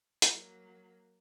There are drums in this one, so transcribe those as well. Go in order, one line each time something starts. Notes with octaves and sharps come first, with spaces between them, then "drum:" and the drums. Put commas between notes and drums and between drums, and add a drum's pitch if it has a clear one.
F#3 A#3, drum: hi-hat